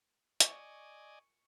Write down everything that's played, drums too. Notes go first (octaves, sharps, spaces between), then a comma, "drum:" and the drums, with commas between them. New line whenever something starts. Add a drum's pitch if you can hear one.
D5 D#5 G#5 C#6, drum: hi-hat